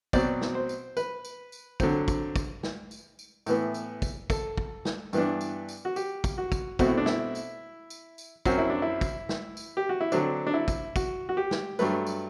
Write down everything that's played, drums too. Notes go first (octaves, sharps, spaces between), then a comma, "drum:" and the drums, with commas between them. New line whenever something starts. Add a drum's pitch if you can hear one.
B2 F#3 C4 D5, drum: kick, tambourine
drum: snare
C5
drum: tambourine
B4, drum: tambourine
drum: tambourine
drum: tambourine
D3 F#3 C4, drum: kick, tambourine
drum: kick, tambourine
drum: kick, tambourine
drum: snare
drum: tambourine
drum: tambourine
A2 E3 B3, drum: tambourine
drum: tambourine
drum: kick, tambourine
A4, drum: kick, tambourine
drum: kick
drum: snare
G2 E3 B3 D4, drum: tambourine
drum: tambourine
drum: tambourine
F#4
G4, drum: tambourine
drum: kick, tambourine
F#4
drum: kick, tambourine
B2 A3 C4 F#4, drum: kick, tambourine
E4
D4
E4, drum: snare
drum: tambourine
drum: tambourine
drum: tambourine
F#2 F#3 C4 F#4, drum: kick, tambourine
E4
D4
E4
drum: kick, tambourine
drum: snare
drum: tambourine
G4
F#4
E4
D3 F#3 C4 D4, drum: tambourine
D4
E4
drum: kick, tambourine
F#4, drum: kick, tambourine
F#4
G4
drum: snare
G2 F#3 A3 B4, drum: tambourine
drum: tambourine